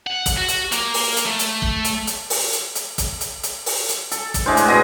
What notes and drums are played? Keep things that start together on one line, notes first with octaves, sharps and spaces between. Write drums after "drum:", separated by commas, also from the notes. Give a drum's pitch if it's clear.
F#5
drum: kick, hi-hat
F#4
drum: hi-hat
A#3, drum: hi-hat
drum: open hi-hat
drum: hi-hat
A3
drum: hi-hat
drum: kick
drum: hi-hat
drum: hi-hat
drum: open hi-hat
drum: hi-hat
drum: hi-hat
drum: kick, hi-hat
drum: hi-hat
drum: hi-hat
drum: open hi-hat
drum: hi-hat
A4, drum: hi-hat
drum: kick, hi-hat
A2 G#3 D4 C5
drum: hi-hat
B2 G#4 D#5